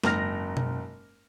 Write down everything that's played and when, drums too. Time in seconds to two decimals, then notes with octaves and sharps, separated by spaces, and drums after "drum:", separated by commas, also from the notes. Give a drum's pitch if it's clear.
0.04 F#1 G#2 F6 A#6, drum: snare
0.57 drum: tom B2